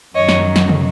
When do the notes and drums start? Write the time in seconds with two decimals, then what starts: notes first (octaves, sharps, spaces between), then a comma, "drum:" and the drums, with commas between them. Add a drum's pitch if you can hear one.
0.15 F#2 D#3 F#3 C#5 D#5
0.29 drum: snare
0.56 drum: snare
0.69 drum: tom